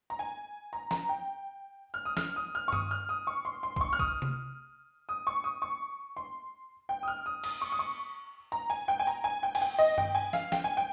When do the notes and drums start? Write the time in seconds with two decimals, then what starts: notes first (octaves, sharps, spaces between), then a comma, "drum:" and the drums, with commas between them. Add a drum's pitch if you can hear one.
0.10 A#5
0.19 G#5
0.73 A#5
0.91 A#5, drum: snare
1.09 G5
1.94 F6
2.05 D#6
2.17 F6, drum: snare
2.36 D#6
2.55 F6
2.68 C#6
2.73 D#6, drum: tom G2
2.91 F6
3.09 D#6
3.27 C#6
3.45 C6
3.63 C6
3.76 C6, drum: kick
3.81 C#6
3.93 F6
3.99 D#6, drum: kick
4.22 drum: tom C3
5.09 D#6
5.27 C#6
5.44 D#6
5.62 C#6
6.17 C6
6.89 G5
7.03 D#6
7.08 F6
7.26 D#6
7.44 D#6, drum: cymbal
7.61 C#6
7.72 D#6
7.79 C#6
8.52 A#5
8.70 G#5
8.88 G5
8.99 G#5
9.07 A#5
9.24 G#5
9.43 G5
9.55 G#5, drum: cymbal
9.61 G5
9.79 D#5
9.98 G5, drum: tom G2
10.15 G#5
10.33 F5, drum: snare
10.52 G5, drum: snare
10.64 G#5
10.77 G5